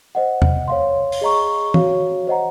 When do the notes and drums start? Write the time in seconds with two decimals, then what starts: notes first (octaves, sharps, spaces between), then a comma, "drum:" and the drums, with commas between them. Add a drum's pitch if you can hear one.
0.15 C5 D#5 F#5
0.42 drum: tom E2
0.68 C#5 F5 C6
1.12 drum: open hi-hat
1.21 G#4 D#5 A#5 C#6
1.74 F#4 C#5 F5, drum: tom
2.27 C5 D#5 F#5 A#5